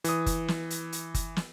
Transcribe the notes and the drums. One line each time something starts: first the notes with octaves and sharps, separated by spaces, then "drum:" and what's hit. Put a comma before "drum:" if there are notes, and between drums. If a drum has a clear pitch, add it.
E3 D#6, drum: hi-hat
drum: kick F#1, hi-hat
drum: snare
drum: hi-hat
drum: hi-hat
drum: kick F#1, hi-hat
drum: snare